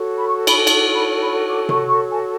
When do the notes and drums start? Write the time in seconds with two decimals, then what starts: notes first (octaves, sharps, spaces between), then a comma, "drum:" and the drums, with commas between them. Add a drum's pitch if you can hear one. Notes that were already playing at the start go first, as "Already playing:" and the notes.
Already playing: F#4 A4 C#5
0.15 B5
0.27 C#6
0.47 B5, drum: cymbal
0.67 A5, drum: cymbal
0.94 B5
1.21 B5
1.49 D6
1.69 C#6, drum: tom C3
1.89 C#6
2.10 G#5